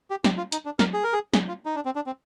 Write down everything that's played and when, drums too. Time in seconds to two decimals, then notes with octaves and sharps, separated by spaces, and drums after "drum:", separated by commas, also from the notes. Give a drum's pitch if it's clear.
0.11 G4
0.24 G4, drum: snare
0.38 F4
0.52 D#4, drum: hi-hat
0.65 D4
0.79 A#4, drum: snare
0.94 G#4
1.04 A#4
1.13 G#4
1.34 G#4, drum: snare
1.48 F4
1.66 D#4
1.76 D4
1.85 C4
1.96 D4
2.06 C4